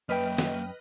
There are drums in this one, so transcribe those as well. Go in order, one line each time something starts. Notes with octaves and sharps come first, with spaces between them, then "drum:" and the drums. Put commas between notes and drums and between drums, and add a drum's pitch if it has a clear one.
F#2 A#3 B4 D#5 E5 G5 F6
drum: snare